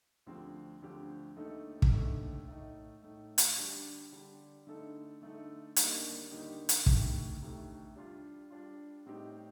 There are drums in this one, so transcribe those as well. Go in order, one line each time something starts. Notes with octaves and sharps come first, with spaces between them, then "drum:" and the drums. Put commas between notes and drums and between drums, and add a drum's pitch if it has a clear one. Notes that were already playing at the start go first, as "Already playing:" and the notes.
D2 D3 F3 C4 G4
D2 D3 F3 C4 G4
D#2 D3 A3 D#4 A4
drum: kick
D#2 D3 A3 D#4 A4
A2 A3 D#4
A2 A3 D#4
drum: hi-hat
D3 G3 D4
D3 G3 D4
D3 A3 D#4 A4
D3 A3 D#4 A4
D#2 D3 G3 A#3 D#4, drum: hi-hat
D#2 D3 G3 A#3 D#4
drum: hi-hat
D2 C3 D#3 A3, drum: kick
D2 C3 D#3 A3
G3 D4 F4
G3 D4 F4
A2 G3 C4 D#4 G4